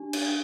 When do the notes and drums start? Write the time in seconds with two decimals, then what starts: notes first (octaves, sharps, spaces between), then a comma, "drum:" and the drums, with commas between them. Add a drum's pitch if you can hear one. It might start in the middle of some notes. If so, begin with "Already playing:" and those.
Already playing: D4 G4
0.13 D4, drum: cymbal